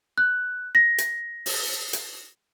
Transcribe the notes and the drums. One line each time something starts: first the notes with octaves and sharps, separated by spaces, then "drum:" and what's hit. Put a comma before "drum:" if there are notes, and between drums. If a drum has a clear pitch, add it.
F#6
A#6
drum: hi-hat
drum: open hi-hat
drum: hi-hat